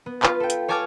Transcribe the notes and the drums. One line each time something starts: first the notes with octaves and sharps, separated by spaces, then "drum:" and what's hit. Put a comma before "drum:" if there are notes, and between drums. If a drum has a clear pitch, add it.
B3
F4 B4, drum: clap
A4 G5
drum: hi-hat
C#5 G#5 A5 D6 F6 G#6